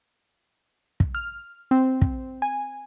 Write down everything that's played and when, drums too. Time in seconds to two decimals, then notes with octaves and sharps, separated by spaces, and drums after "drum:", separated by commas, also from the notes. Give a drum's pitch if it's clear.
1.00 drum: kick
1.15 F6
1.71 C4
2.02 drum: kick
2.42 G#5